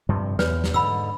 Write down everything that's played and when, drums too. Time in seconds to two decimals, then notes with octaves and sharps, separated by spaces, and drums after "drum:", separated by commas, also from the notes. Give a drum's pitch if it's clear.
0.09 G2 C3 F3
0.39 E2 B4 C#5 D5, drum: snare
0.64 drum: snare
0.74 G#2 D3 B5 E6